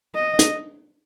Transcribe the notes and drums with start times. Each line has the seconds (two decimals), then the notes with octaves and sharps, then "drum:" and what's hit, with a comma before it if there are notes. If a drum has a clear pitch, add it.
0.15 D#5
0.39 drum: hi-hat